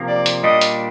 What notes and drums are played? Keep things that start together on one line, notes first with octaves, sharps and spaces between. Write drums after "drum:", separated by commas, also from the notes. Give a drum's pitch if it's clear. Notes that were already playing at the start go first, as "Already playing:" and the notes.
Already playing: C3 F3 A#3
D5
drum: hi-hat
A#2 G3 D4 D#5
drum: hi-hat